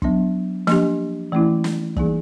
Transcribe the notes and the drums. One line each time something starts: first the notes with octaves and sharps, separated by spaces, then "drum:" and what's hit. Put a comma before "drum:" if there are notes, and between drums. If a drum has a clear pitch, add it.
F#3 B3 D4, drum: kick
F3 A#3 D4 G4, drum: snare
E3 A3 C#4 E4
drum: snare
E3 G3 A#3 D#4 G#4, drum: kick